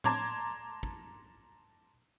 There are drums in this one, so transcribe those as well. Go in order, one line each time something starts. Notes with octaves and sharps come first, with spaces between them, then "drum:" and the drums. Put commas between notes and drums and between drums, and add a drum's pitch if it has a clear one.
A5 A#5 C6 D6 G#6, drum: tom A2
drum: kick